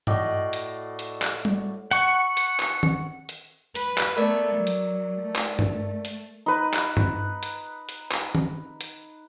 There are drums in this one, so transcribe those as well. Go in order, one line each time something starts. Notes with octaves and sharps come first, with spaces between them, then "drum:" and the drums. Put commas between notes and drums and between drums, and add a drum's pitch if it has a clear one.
A2 F#4 D5 D#5, drum: tom G2
drum: hi-hat
drum: hi-hat
drum: clap
drum: tom G3
F#5 C#6 C#7, drum: hi-hat
drum: hi-hat
drum: clap
drum: tom D#3
drum: hi-hat
B4, drum: hi-hat
drum: clap
A3 B3 A#4 D5
F#3
drum: hi-hat
A3
drum: clap
drum: tom G2
drum: hi-hat
D#4 B4
drum: clap
drum: tom G2
drum: hi-hat
drum: hi-hat
drum: clap
drum: tom D#3
drum: hi-hat